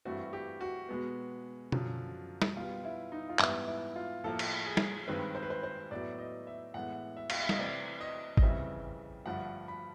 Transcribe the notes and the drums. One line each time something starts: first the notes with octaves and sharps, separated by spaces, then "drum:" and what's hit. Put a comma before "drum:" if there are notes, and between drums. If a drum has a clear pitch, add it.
G2 E3 A3 C4 F#4
G4
F#4
B2 G#3 B3
F#2 D3 F3, drum: tom B2
drum: snare
B2 G3 B3 F4
E4
D#4
F4
G#2 E3 G3 B3 E4, drum: clap
E4
F4
A2 F3 A#3 A4
drum: cymbal
G#4
drum: snare
G2 D#3 G#3 C4 B4
C5
B4
C5
C5
A2 F#3 B3 D5
D#5
E5
A2 E3 G#3 B3 F#5
E5
F5, drum: cymbal
E5
D#5, drum: snare
C3 E3 A3 C4 D5
D#5
D#5, drum: kick G#1
F2 C#3 E3 G3 C4 E5
G2 D3 F3 A3 F#5
B5